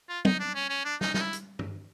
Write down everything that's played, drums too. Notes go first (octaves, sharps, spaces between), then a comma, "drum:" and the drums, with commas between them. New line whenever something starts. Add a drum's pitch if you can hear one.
F4
D#4, drum: tom
D4
C#4
C#4
D4
D#4, drum: snare
D#4, drum: snare
E4
drum: hi-hat
drum: tom